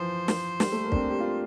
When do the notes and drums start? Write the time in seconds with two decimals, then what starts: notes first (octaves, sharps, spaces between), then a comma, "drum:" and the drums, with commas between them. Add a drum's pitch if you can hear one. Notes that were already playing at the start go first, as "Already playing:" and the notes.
Already playing: E3 F3 C5
0.28 drum: snare
0.60 G3, drum: snare
0.72 A3
0.84 A#3
0.92 D4, drum: kick
0.96 C4
1.09 G4
1.20 F4